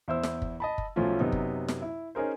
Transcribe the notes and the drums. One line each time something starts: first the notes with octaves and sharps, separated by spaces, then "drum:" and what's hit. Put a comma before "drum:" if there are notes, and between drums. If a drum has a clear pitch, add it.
E2 E4 C5 E6
drum: snare
drum: kick
D#5 A5 B5
drum: kick
B1 F3 A3 C#4 F4
F#2 C3 B3 D#4
drum: kick
drum: snare
E4
C#4 D#4 G#4 A#4 C5